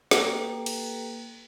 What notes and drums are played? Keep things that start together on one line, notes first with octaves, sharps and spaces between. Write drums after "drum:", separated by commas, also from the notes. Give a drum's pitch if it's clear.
A#3 G4 A4 B4 G5 A#5, drum: snare
drum: cymbal